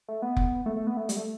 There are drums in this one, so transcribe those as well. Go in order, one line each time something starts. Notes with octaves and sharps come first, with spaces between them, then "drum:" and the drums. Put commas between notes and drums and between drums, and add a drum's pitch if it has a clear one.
A3
B3
drum: kick F1
A3
A3
B3
A3
G3, drum: hi-hat
A3